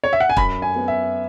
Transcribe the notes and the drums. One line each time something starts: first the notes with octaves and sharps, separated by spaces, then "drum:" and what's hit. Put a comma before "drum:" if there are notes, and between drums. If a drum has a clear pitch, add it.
C#5
E5
F#5
G#5
F#2 B5, drum: kick
G#5
B3
E5